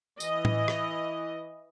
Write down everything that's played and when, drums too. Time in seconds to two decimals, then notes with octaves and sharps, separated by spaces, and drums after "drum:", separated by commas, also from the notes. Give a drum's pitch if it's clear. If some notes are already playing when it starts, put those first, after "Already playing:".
0.20 E3 D#5, drum: tambourine
0.45 drum: tom A2
0.68 drum: rim click